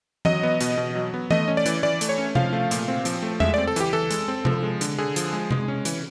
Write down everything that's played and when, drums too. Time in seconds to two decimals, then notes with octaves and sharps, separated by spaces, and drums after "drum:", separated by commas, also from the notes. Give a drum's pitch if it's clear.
0.25 F#3 D#5, drum: tom E3
0.43 B3
0.61 B2, drum: hi-hat
0.77 B2
0.95 F#3
1.14 B3
1.30 A3 D#5, drum: tom E3
1.48 C#4
1.57 D5
1.66 E3, drum: hi-hat
1.83 E3 D5
2.01 A3, drum: hi-hat
2.09 C#5
2.18 C#4
2.35 F3 F5, drum: tom C3
2.53 A3
2.71 A#2, drum: hi-hat
2.88 C4
3.05 F3, drum: hi-hat
3.22 A3
3.40 G#3 E5, drum: tom E2
3.54 D5
3.58 C4
3.67 A4
3.76 E3 G4, drum: hi-hat
3.93 E3 A4
4.11 G#3, drum: hi-hat
4.28 C4
4.45 F3, drum: tom C3
4.63 G#3
4.81 D3, drum: hi-hat
4.98 D3 G#4
5.16 F3, drum: hi-hat
5.33 G#3
5.51 G#3, drum: tom C3
5.68 C#4
5.85 E3, drum: hi-hat